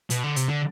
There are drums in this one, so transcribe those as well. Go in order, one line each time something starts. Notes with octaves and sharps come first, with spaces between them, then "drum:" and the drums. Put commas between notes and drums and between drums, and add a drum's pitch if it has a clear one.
B2, drum: hi-hat
D3
C3, drum: hi-hat
D3